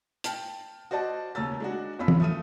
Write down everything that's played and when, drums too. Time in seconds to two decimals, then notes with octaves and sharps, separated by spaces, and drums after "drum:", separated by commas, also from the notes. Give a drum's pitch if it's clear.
0.24 G5 A5 F6, drum: hi-hat
0.91 F#4 C5 D5 D#5 A5
1.35 D#2 C#3 C#4 A#5 E6 A6
1.60 G#3 D4 F#4
1.99 E2 C#4 F4 B5 E6 B6
2.08 drum: tom
2.20 A3 E5 D#6 F6 D#7